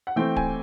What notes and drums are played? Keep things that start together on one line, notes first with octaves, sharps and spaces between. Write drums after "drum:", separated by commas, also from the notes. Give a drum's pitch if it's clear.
F#5
E3 A3 C4 G5
G#5, drum: kick D1